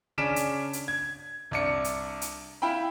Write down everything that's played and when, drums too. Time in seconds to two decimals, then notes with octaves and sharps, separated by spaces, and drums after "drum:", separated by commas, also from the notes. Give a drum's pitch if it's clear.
0.18 C#3 C#4 D4 B6 D7 E7
0.36 drum: hi-hat
0.73 drum: hi-hat
0.88 G#6
1.51 C2 D4 C#7
1.84 drum: hi-hat
2.22 drum: hi-hat
2.62 E4 F5 G5 B5